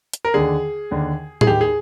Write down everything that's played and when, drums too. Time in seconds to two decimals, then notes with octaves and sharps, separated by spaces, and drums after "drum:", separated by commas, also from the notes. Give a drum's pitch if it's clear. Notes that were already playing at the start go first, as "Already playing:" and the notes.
0.13 drum: hi-hat
0.25 A#4
0.34 D#2 D3 G#4
0.91 D#2 D3
1.41 G#4, drum: tom A2
1.47 D#2 D#3 G4
1.61 G#4